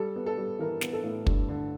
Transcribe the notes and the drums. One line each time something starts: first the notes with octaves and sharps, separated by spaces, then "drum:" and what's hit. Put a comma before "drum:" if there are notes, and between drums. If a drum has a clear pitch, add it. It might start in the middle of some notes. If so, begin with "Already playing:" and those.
Already playing: G3 A4
B3
A4
G3
E3 A#4
B3, drum: snare
A4
A2
G2, drum: kick
D3